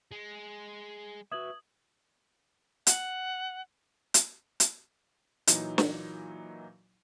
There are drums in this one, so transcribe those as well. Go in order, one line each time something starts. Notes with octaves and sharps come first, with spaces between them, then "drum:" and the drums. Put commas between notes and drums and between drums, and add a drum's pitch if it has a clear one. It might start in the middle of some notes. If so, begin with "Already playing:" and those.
G#3
F#4 B4 E5 D#6 G#6 F#7
F#5, drum: hi-hat
drum: hi-hat
drum: hi-hat
A#2 E3 F#3 D#4, drum: hi-hat
drum: snare